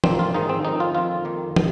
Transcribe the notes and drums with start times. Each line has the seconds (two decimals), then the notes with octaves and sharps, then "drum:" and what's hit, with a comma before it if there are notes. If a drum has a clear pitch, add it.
0.04 F2 F3 A#3 C4, drum: tom
0.19 F4
0.34 G#2 D#3 G#3 D#4
0.49 C4
0.64 F2 D#3 C4 D#4
0.80 F4
0.95 F2 D#3 C4 F4
1.25 F2 D#3 A#3
1.56 C3, drum: tom